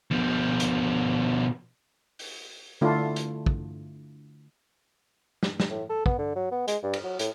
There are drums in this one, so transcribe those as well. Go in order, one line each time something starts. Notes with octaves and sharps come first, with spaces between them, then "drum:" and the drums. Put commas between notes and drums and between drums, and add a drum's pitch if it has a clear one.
B2 F3
drum: hi-hat
drum: open hi-hat
D3 A3 D4 E4 F4
drum: hi-hat
drum: kick
drum: snare
drum: snare
A2
A4
B3, drum: kick
D3
F#3
B3
G#3, drum: hi-hat
G2
drum: cymbal
F#3
A2, drum: hi-hat